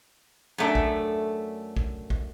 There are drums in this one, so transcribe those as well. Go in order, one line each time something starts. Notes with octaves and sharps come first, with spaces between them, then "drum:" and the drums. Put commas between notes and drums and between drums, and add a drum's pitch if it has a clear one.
F#2 A3 D4
drum: kick
drum: kick
drum: kick